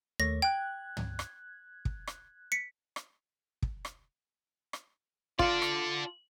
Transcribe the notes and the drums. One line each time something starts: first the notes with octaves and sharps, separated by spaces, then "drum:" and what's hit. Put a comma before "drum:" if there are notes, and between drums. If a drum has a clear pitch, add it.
D#2 A3 C#5 A#6
G5 F#6 G#6
drum: tom
drum: rim click
drum: kick
drum: rim click
B6 C#7
drum: rim click
drum: kick
drum: rim click
drum: rim click
F4 A4 D5, drum: kick
drum: rim click